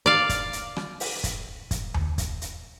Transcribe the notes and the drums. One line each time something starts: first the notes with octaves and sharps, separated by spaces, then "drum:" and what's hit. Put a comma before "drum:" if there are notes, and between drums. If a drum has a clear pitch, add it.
D5 F5
drum: kick, hi-hat
drum: hi-hat
drum: rim click
drum: open hi-hat
drum: kick, hi-hat
drum: kick, hi-hat
drum: tom D#2
drum: kick, hi-hat
drum: hi-hat